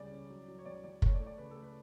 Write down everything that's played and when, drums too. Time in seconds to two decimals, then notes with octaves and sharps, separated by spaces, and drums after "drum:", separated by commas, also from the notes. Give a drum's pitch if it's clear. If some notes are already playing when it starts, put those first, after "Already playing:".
Already playing: C#2 C#3 G3 D5
0.12 C#4
0.30 F#3
0.48 F#3
0.59 C#5
0.65 C#2 D5
0.84 C#2 D5
1.02 A3 C#5, drum: kick
1.15 D5
1.20 A3
1.26 D5
1.38 C#3 B4
1.51 A4
1.57 A3
1.63 B4